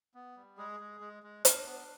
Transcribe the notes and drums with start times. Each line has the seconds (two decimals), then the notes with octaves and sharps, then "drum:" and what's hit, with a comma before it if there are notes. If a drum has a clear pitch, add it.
0.14 B3
0.36 G3
0.57 G#3 G#4
0.80 G#3
1.01 G#3
1.23 G#3
1.45 D4, drum: hi-hat
1.66 B3